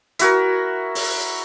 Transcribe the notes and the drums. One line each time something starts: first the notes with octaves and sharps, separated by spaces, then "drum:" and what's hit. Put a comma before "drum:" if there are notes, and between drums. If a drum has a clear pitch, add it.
E4 F#4 A#4, drum: hi-hat
drum: open hi-hat